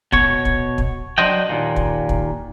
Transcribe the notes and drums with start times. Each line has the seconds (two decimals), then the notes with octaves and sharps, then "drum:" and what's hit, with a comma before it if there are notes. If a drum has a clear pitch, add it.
0.12 B2 C#5, drum: kick
0.45 drum: kick
0.78 drum: kick
1.18 F#3 D4 F#4 C5 D#5 G5
1.49 D#2 A#2
1.76 drum: kick
2.09 drum: kick